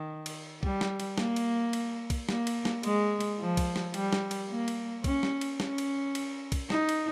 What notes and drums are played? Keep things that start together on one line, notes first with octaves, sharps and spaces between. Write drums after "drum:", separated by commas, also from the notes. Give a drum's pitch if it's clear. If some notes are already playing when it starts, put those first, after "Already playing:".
Already playing: D#3
drum: cymbal
G3, drum: kick
drum: snare
drum: cymbal
A#3, drum: snare
drum: cymbal
drum: cymbal
drum: kick, cymbal
A#3, drum: snare
drum: cymbal
drum: snare
G#3, drum: cymbal
drum: cymbal
F3
drum: kick, cymbal
drum: snare
G3, drum: cymbal
drum: snare
drum: cymbal
A#3
drum: cymbal
C#4, drum: kick, cymbal
drum: snare
drum: cymbal
C#4, drum: snare
drum: cymbal
drum: cymbal
drum: kick, cymbal
D#4, drum: snare
drum: cymbal